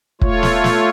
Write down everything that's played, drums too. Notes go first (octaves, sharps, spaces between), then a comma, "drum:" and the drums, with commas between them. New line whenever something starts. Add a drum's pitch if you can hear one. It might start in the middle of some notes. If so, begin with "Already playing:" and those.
A3 F4 C#5, drum: kick
drum: snare
drum: snare